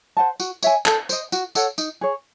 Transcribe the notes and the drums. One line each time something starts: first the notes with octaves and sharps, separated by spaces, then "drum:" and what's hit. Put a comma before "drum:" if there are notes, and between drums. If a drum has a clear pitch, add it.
C5 F#5 A5
F#4, drum: tambourine
C#5 E5 G#5, drum: tambourine
A4, drum: clap
C5 D#5, drum: tambourine
F#4, drum: tambourine
A4 C#5 F#5, drum: tambourine
D#4, drum: tambourine
G#4 C#5